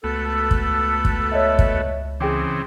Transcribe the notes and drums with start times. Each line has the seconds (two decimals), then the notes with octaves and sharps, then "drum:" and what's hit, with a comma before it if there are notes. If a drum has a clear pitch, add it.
0.04 C#2 A3 B3 F#4 A4
0.51 drum: kick
1.05 drum: kick
1.32 C#5 D#5 E5
1.59 drum: kick
2.20 C#3 E3 C4 G#4 G5 D6